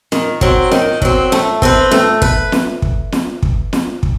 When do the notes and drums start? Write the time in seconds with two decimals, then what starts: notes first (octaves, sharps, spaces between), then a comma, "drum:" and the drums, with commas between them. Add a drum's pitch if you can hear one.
0.12 D#3, drum: snare
0.41 F#3 C4, drum: kick
0.71 D#3, drum: snare
1.02 F#3 C4, drum: kick
1.32 A3, drum: snare
1.62 C4 F#4 B4, drum: kick
1.91 A3, drum: snare
2.22 B4, drum: kick
2.52 drum: snare
2.82 drum: kick
3.12 drum: snare
3.43 drum: kick
3.73 drum: snare
4.03 drum: kick